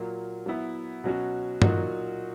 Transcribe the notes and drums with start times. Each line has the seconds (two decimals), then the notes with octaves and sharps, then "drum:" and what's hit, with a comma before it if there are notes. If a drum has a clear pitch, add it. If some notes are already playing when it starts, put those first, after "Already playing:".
Already playing: A#2 F#3 A#3
0.46 F#3 B3 E4
1.04 B2 F#3 C#4 F#4
1.62 A#2 F#3 A#3 D#4 F#4, drum: tom G2